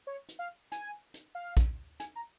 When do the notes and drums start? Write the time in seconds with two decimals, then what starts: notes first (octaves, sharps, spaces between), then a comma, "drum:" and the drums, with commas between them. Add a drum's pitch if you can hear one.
0.07 C#5
0.28 drum: hi-hat
0.39 F5
0.72 G#5, drum: hi-hat
1.14 drum: hi-hat
1.35 F5
1.57 drum: kick, hi-hat
2.00 G#5, drum: hi-hat
2.16 A#5